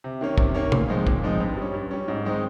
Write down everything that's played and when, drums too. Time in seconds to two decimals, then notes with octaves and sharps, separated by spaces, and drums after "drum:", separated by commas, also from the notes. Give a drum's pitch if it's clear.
0.04 C3
0.21 D#3 A#3 C#4
0.38 C3, drum: kick
0.55 D#3 A#3 C#4
0.72 A#2, drum: tom
0.88 F3 G#3 C4 D#4
1.07 A#2, drum: kick
1.23 F3 G#3 C4 D#4
1.40 G2
1.57 G3 C#4
1.74 G2
1.91 G3 C#4
2.08 G#2
2.25 D#3 G#3 C4 D#4